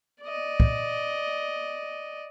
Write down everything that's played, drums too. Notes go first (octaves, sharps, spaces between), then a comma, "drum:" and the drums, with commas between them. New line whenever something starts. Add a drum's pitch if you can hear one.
D5 D#5
drum: kick